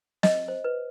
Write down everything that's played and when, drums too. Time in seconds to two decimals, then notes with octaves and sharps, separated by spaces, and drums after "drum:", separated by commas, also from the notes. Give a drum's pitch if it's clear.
0.23 D#5, drum: snare
0.48 C5
0.64 B4